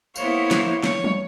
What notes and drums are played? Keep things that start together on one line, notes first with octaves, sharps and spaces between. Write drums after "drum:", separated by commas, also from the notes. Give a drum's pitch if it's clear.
A#3 B3 E4 C5 C#5 F5, drum: tambourine
drum: snare
C#5, drum: snare
drum: tom